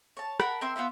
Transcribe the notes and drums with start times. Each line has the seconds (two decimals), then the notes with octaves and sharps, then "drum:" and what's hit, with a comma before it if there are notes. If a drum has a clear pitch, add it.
0.17 C#5 A5
0.40 A#4 F#5 A5 B5, drum: rim click
0.61 C4 A#4 E5 C6
0.76 B3 F4 C5 E5